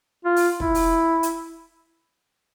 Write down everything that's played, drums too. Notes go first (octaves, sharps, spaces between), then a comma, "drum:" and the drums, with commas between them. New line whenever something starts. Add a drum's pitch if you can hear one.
F4
drum: open hi-hat
E4, drum: kick
drum: open hi-hat
drum: hi-hat